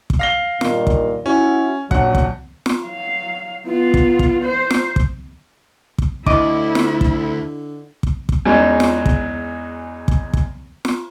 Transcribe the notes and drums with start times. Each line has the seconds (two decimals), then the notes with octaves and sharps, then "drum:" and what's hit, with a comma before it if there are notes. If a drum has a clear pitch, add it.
0.10 drum: kick
0.19 F5 A#6 G7
0.61 G2 A#2 D#3, drum: snare
0.87 drum: kick
1.26 C#4 E4 F#4
1.91 D#1 F#3 D4 F#5, drum: kick
2.15 drum: kick
2.66 drum: snare
2.84 F#3 F5
3.66 B3 F4
3.94 drum: kick
4.19 drum: kick
4.45 C5
4.70 drum: snare
4.96 drum: kick
5.98 drum: kick
6.26 D2 D3 E4 D#5 D6, drum: kick
6.75 drum: snare
7.01 drum: kick
8.03 drum: kick
8.29 drum: kick
8.46 E2 F#3 G#3 C#4 D#4
8.80 drum: snare
9.06 drum: kick
10.08 drum: kick
10.34 drum: kick
10.85 drum: snare